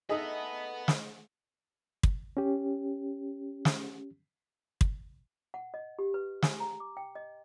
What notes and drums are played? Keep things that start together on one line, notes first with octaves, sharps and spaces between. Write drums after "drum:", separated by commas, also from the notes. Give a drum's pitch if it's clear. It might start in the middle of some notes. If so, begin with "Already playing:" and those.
A3 D#4 G#4 A4 B4 D#5 F#5
drum: snare
drum: kick
C#4 G4
drum: snare
drum: kick
F#5
D#5
G4
B4
G#5, drum: snare
A#5
D6
G5
D#5